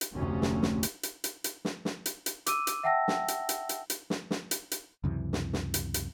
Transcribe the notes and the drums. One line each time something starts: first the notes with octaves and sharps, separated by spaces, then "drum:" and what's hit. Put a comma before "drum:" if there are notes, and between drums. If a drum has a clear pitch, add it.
drum: hi-hat
F1 D2 C3 C#4
drum: snare
drum: snare
drum: hi-hat
drum: hi-hat
drum: hi-hat
drum: hi-hat
drum: snare
drum: snare
drum: hi-hat
drum: hi-hat
D6 E6 D#7, drum: hi-hat
drum: hi-hat
E5 F#5 G5 A5 E6 A#6
drum: snare
drum: hi-hat
drum: hi-hat
drum: hi-hat
drum: hi-hat
drum: snare
drum: snare
drum: hi-hat
drum: hi-hat
C#2 F#2 C3 E3
drum: snare
drum: snare
drum: hi-hat
drum: hi-hat